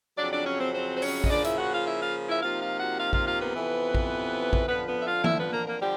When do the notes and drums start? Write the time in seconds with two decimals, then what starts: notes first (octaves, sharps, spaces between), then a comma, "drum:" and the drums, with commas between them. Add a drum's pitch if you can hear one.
0.18 F2 C#3 F#3 D4 D5
0.32 D4 D5
0.46 C#4 C#5
0.60 C4 C5
0.74 C4 C5
0.95 C5
1.02 C#4 C#5, drum: open hi-hat
1.24 D#5, drum: kick A#1
1.30 C#3 F3 A#3 D4 D5
1.44 E4 E5, drum: hi-hat
1.58 F#4 F#5
1.72 F4 F5
1.86 E4 E5
2.00 F4 F5
2.28 E4 E5
2.43 C3 F3 A#3 D#4 F4 F5
2.61 F4 F5
2.80 F#4 F#5
2.99 F4 F5
3.13 F4 F5, drum: kick A#1
3.27 F4 F5
3.41 B3 B4
3.55 F2 C3 E3
3.95 drum: kick A#1
4.53 drum: kick A#1
4.68 F2 D3 F3 B3 B4
4.87 B3 B4
5.01 E5
5.06 F4 F5
5.24 E4 E5, drum: tom E3
5.38 B3 B4
5.52 A#3 A#4
5.66 A#3 A#4
5.81 D3 F3 G3 G4